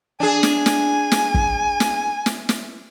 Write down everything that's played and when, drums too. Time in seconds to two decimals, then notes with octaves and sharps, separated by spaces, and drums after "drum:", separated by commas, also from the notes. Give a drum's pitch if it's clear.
0.20 D4 G#4 G#5
0.43 drum: snare
0.66 drum: snare
1.12 drum: snare
1.34 drum: kick
1.80 drum: snare
2.26 drum: snare
2.49 drum: snare